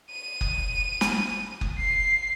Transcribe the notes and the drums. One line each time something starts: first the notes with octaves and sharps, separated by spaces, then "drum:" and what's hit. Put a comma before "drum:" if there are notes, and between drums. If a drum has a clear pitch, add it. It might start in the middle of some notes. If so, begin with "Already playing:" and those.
D#7
drum: kick F#1
drum: snare
drum: kick F#1
C7